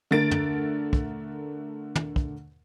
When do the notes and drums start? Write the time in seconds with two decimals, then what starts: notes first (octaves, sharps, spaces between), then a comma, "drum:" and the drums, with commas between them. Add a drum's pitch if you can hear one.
0.11 D3 A3 A#4 A6 D7
0.31 drum: tom
0.93 drum: kick
1.96 drum: tom
2.16 drum: kick